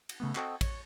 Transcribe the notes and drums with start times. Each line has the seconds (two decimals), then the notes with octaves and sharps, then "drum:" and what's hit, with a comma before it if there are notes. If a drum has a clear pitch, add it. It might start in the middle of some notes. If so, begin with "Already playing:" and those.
0.09 drum: cymbal
0.20 C#3 A3 B3
0.35 C4 F#4 A4 D#5 G5, drum: clap
0.61 C#5 C#6, drum: kick, cymbal